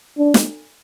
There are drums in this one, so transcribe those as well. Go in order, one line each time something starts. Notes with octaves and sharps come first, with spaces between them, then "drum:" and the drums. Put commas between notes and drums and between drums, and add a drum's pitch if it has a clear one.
D4
drum: snare